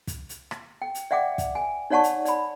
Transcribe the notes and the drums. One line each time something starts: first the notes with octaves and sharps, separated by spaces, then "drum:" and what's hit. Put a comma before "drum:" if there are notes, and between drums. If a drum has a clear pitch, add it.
drum: kick, hi-hat
drum: hi-hat
drum: rim click
G5
drum: hi-hat
D5 E5 F#5 G5 D6
drum: kick, hi-hat
G#5
D#4 C#5 D5 F#5 A5 C#6
drum: hi-hat
D5 B5, drum: hi-hat